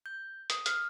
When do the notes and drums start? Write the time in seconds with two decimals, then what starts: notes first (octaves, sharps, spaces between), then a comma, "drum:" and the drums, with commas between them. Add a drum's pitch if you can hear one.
0.06 G6
0.50 D#6, drum: hi-hat
0.66 F6, drum: hi-hat